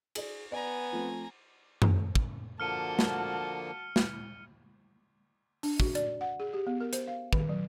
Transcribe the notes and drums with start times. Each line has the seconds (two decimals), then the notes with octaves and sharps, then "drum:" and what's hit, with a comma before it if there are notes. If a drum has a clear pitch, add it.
0.15 G#4 D5, drum: cymbal
0.52 B3 D5 G#5 A#5
0.93 F3 A3 C4
1.82 drum: tom F#2
2.15 drum: kick
2.60 D3 F3 A#3 F#4 A5 F6 C#7 D#7
2.99 drum: snare
3.96 drum: snare
5.63 D4, drum: open hi-hat
5.80 F#4, drum: kick
5.95 D5, drum: hi-hat
6.21 F#5
6.40 G#4
6.53 G4
6.67 B3
6.81 A#4
6.93 C5, drum: hi-hat
7.08 F5
7.33 D#3, drum: kick
7.49 F#3